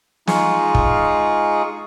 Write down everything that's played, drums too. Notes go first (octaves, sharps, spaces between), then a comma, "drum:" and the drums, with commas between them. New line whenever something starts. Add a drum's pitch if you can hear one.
G#3 D#4 F4 G#4 C#6, drum: snare
drum: kick